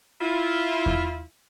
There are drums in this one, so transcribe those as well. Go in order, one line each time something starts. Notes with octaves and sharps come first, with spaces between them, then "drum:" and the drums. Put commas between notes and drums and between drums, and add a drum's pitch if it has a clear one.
E4 F4
drum: kick E2